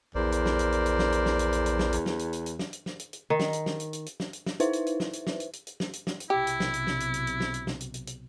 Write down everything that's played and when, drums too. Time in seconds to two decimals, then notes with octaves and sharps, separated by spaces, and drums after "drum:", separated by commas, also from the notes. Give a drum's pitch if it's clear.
0.15 A#1 E2 A#4 C5 D5
0.32 drum: hi-hat
0.46 drum: snare
0.59 drum: hi-hat
0.72 drum: hi-hat
0.86 drum: hi-hat
0.99 drum: snare
1.12 drum: hi-hat
1.26 drum: snare
1.39 drum: hi-hat
1.53 drum: hi-hat
1.66 drum: hi-hat
1.79 drum: snare
1.93 drum: hi-hat
2.06 drum: snare
2.19 drum: hi-hat
2.33 drum: hi-hat
2.46 drum: hi-hat
2.59 drum: snare
2.73 drum: hi-hat
2.86 drum: snare
3.00 drum: hi-hat
3.13 drum: hi-hat
3.30 D#3
3.40 drum: snare
3.53 drum: hi-hat
3.66 drum: snare
3.80 drum: hi-hat
3.93 drum: hi-hat
4.06 drum: hi-hat
4.20 drum: snare
4.33 drum: hi-hat
4.46 drum: snare
4.60 D#4 E4 B4 C5 E5, drum: hi-hat
4.73 drum: hi-hat
4.87 drum: hi-hat
5.00 drum: snare
5.13 drum: hi-hat
5.27 drum: snare
5.40 drum: hi-hat
5.53 drum: hi-hat
5.67 drum: hi-hat
5.80 drum: snare
5.93 drum: hi-hat
6.07 drum: snare
6.20 drum: hi-hat
6.30 B1 C3 E4 G4
6.47 drum: hi-hat
6.60 drum: snare
6.74 drum: hi-hat
6.87 drum: snare
7.00 drum: hi-hat
7.14 drum: hi-hat
7.27 drum: hi-hat
7.40 drum: snare
7.54 drum: hi-hat
7.67 drum: snare
7.80 drum: hi-hat
7.94 drum: hi-hat
8.07 drum: hi-hat